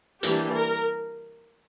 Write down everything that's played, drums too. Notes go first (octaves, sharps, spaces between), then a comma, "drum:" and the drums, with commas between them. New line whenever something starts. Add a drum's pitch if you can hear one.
E3 G3 A#3 D4 G4, drum: hi-hat
A#4